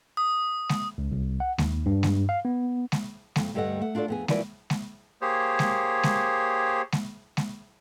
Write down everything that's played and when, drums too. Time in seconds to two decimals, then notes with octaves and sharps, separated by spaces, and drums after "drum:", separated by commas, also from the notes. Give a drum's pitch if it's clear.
0.17 D#6
0.69 drum: snare G#3
0.98 C#2
1.12 C2
1.40 F#5
1.58 D#2, drum: snare G#3
1.86 G2
2.03 drum: snare G#3
2.29 F5
2.45 B3
2.92 drum: snare G#3
3.36 F2, drum: snare G#3
3.54 D2 G2 G3 A4 D#5 F#5
3.80 A3 F#5
3.95 D4 F4 F#4 A4 D5
4.08 F2 B3 G#4
4.28 E3 F3 F#4 A#4 B4 D5, drum: snare G#3
4.70 drum: snare G#3
5.21 A#3 G4 G#4 C5 C#5
5.59 drum: snare G#3
6.03 drum: snare G#3
6.92 drum: snare G#3
7.37 drum: snare G#3